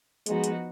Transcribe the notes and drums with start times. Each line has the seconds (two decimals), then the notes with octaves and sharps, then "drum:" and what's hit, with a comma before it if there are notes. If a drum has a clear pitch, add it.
0.26 F3 G#3 B3 D#4 F#4, drum: hi-hat
0.44 drum: hi-hat